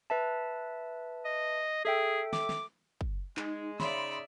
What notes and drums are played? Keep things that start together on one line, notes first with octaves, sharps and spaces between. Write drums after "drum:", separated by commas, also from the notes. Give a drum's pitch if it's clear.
B4 E5 A5
D#5
G#4 A4 E5 G5
D6, drum: snare
drum: snare
drum: kick
G#3 D#4, drum: clap
C#3 D#4 D5 E5 B5 C6, drum: snare